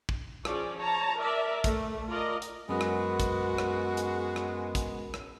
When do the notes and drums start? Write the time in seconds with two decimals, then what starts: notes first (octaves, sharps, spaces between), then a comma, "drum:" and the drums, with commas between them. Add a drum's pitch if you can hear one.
0.09 drum: kick
0.45 F3 C#4 G#4 D5, drum: rim click
0.78 C#5 A5 A#5
1.19 A#4 D5 E5
1.64 A3, drum: kick, hi-hat
2.08 F4 A#4 D5 D#5
2.42 drum: hi-hat
2.69 F#2 G#3 B3 C#4 F#4 A#4 B5 D#6
2.81 drum: rim click
3.20 drum: kick, hi-hat
3.58 drum: rim click
3.97 drum: hi-hat
4.36 drum: rim click
4.75 drum: kick, hi-hat
5.14 drum: rim click